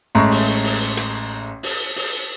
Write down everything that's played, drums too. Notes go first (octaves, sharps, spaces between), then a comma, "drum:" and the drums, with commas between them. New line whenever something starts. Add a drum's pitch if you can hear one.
A1 G#3 A3 A#5 C#6
drum: open hi-hat
drum: open hi-hat
drum: hi-hat
drum: open hi-hat
drum: open hi-hat